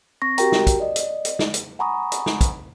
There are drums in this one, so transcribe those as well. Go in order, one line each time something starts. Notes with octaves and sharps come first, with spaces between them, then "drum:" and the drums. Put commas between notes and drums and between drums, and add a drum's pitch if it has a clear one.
C4 C#6 A#6
F#4 G4 A#4 G5 A#5, drum: hi-hat
drum: snare
drum: kick, hi-hat
D5 D#5
drum: hi-hat
drum: hi-hat
drum: snare
drum: hi-hat
F#5 G#5 A#5 B5 C#6 D#6
drum: hi-hat
drum: snare
drum: kick, hi-hat